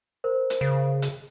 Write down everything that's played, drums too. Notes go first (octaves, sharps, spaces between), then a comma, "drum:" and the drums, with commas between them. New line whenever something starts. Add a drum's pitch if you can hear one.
A#4 C5
drum: hi-hat
C#3
drum: hi-hat